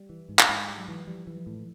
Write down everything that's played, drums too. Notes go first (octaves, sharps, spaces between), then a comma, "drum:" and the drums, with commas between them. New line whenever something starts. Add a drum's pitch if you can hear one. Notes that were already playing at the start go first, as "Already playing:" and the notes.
Already playing: G3
E3
G#2
drum: clap
G#2
G3
F#3
E3
F3 G3
E3
F3
A2